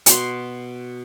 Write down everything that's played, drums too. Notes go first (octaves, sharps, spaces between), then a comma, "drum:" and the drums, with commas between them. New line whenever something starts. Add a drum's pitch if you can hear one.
B2 C6, drum: hi-hat